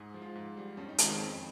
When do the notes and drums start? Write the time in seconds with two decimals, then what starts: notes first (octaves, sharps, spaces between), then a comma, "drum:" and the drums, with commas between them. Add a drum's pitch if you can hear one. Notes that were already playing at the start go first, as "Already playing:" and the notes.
Already playing: G#2 G#4
0.14 F3 G#3
0.22 F4
0.35 G#2
0.57 G3
0.77 F2 C#4
0.89 D#4
0.98 D#3 G#3 C#4, drum: hi-hat
1.09 C4
1.20 F2